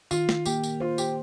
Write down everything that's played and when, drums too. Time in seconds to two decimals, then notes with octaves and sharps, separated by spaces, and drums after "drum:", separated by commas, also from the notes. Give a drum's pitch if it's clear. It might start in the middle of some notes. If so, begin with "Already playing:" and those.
0.11 D#3 F4, drum: tambourine
0.29 drum: snare
0.46 A#3 G4, drum: tambourine
0.63 drum: tambourine
0.80 F4 C5
0.98 G4, drum: tambourine